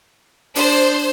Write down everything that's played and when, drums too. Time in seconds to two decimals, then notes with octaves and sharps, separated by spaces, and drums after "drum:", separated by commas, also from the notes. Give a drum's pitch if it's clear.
0.55 D4 C5, drum: open hi-hat